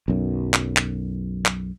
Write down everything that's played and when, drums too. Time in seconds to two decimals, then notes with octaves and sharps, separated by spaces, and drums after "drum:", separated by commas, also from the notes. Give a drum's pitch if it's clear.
0.08 B1 F#2
0.54 drum: clap
0.77 drum: clap
1.46 drum: clap